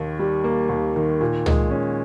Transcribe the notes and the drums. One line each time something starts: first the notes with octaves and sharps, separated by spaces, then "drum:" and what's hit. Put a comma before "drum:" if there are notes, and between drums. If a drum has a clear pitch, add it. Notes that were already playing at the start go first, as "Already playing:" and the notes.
Already playing: D#2 D#3
G3
A#3
D#2
D#3
A#2
G#3, drum: tom
C#4